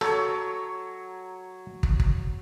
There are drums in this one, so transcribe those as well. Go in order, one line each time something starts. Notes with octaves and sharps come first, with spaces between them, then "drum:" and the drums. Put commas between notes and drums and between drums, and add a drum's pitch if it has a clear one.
F#3 A4 C#5, drum: rim click
drum: kick
drum: kick